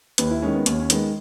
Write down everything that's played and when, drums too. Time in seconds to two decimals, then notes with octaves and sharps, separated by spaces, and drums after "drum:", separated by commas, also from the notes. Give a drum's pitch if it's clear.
0.18 D#2 B4, drum: hi-hat
0.30 E4
0.42 D#3 G#3 C#4
0.54 B3
0.66 D#2 C#4, drum: hi-hat
0.79 C#4
0.90 D#3 G#3 B3, drum: hi-hat